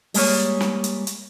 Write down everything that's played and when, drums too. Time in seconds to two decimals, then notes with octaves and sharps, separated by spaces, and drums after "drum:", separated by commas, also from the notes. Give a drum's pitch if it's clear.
0.14 G3 G#3 A#3 G#4 C#5, drum: open hi-hat
0.61 drum: snare
0.84 drum: hi-hat
1.07 drum: hi-hat